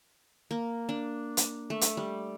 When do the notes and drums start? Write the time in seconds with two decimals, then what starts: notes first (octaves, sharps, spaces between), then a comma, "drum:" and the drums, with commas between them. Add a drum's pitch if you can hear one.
0.51 A#3
0.89 D4
1.37 drum: hi-hat
1.70 A3
1.81 drum: hi-hat
1.97 G3